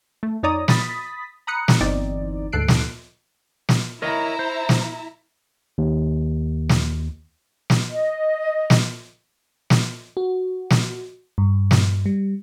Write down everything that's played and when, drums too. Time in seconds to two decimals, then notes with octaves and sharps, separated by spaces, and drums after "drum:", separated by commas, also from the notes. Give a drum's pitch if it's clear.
0.23 A3
0.43 F2 D#4 C#5 D5 A#5 D#6
0.68 B5 D#6 A6 B6, drum: snare
1.47 A#5 B5 D#6 F#6 C#7
1.68 drum: snare
1.81 G1 E2 C4 D#4 D5
2.52 D2 G#2 A4 F#6 C7 D7
2.68 drum: snare
3.69 drum: snare
4.02 E4 A#4 C#5 D#5 E5 A#5
4.39 C5
4.69 drum: snare
5.78 D#2
6.69 drum: snare
7.70 drum: snare
7.91 D#5
8.70 drum: snare
9.70 drum: snare
10.17 F#4
10.70 drum: snare
11.38 G2
11.71 drum: snare
12.06 G3